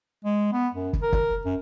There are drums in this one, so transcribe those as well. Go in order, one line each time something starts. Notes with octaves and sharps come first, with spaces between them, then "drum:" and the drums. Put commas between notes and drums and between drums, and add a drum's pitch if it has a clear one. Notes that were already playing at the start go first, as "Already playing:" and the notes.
G#3
B3
F#2
drum: kick
A#4
drum: kick
F#2